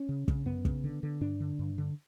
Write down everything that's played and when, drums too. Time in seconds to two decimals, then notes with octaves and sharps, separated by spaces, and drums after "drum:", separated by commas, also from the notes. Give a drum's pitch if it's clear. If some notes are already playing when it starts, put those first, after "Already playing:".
Already playing: C#4
0.09 C#3
0.28 C#3, drum: kick
0.46 F#2 B3
0.65 C#3, drum: kick
0.84 D3
1.03 D3
1.21 G2 D4
1.40 D3
1.59 G2
1.78 D3